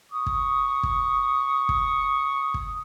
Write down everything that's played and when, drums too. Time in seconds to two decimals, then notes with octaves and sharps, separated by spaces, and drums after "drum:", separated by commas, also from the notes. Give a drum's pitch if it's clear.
0.12 C#6 D#6
0.26 drum: kick
0.83 drum: kick
1.69 drum: kick
2.54 drum: kick